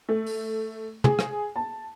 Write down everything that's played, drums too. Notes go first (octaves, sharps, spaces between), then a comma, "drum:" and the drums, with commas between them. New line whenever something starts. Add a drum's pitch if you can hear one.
A3
drum: open hi-hat
G#4, drum: tom
drum: rim click
A5